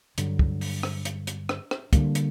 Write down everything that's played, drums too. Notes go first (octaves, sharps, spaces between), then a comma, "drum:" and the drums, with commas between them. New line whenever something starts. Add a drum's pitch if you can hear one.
G2 D3 F#3, drum: hi-hat
drum: kick
drum: open hi-hat
drum: rim click
drum: hi-hat
drum: hi-hat
drum: rim click
drum: rim click
D3 G3 A#3, drum: kick, hi-hat
drum: hi-hat